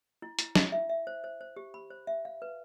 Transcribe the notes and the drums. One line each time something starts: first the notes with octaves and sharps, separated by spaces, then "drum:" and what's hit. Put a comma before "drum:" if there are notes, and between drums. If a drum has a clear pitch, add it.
E4
E4, drum: hi-hat
E4, drum: snare
E5
E5
C5
C5
C5
G4
B5
C5
E5
F5
B4